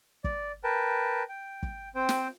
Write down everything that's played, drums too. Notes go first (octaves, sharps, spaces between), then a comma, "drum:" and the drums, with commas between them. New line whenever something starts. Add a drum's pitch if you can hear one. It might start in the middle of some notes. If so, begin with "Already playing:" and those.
D5, drum: kick
A#4 B4 G5 A5
G5
drum: kick
C4 C5 G5
drum: snare